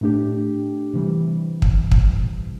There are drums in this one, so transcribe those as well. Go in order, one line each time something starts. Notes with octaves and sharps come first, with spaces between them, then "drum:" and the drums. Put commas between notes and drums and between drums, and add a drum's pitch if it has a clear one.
A2 A3 D4 G4
C3 E3 G3
drum: kick
drum: kick